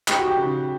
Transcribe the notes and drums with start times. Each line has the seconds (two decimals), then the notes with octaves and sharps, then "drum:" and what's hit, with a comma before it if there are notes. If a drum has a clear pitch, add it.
0.08 G#3 G4, drum: clap
0.18 F#4
0.27 G4
0.37 C#3